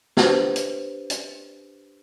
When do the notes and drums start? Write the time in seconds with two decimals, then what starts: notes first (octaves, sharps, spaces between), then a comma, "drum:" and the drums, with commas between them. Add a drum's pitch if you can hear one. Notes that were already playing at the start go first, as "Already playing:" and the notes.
0.17 D4 G4 B4 C5, drum: snare
0.56 drum: hi-hat
1.10 drum: hi-hat